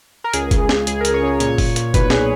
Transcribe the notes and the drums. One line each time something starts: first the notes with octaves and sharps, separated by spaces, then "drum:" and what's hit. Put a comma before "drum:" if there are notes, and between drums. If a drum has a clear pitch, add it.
A#4
C#2 G#4, drum: hi-hat
C#3, drum: kick F#1, hi-hat
C#2, drum: snare
C#2 G#4, drum: hi-hat
A#4
C#2, drum: hi-hat
C#5
C#3
A#2 C#5, drum: hi-hat
A#2, drum: kick F#1, open hi-hat
A#2, drum: hi-hat
B1 B4, drum: kick F#1, hi-hat
G#4, drum: snare